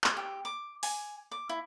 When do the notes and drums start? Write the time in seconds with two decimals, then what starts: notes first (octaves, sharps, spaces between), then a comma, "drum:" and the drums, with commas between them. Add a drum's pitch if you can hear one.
0.04 drum: clap
0.17 G4
0.45 D6
0.83 G#5, drum: open hi-hat
1.31 D6
1.49 E4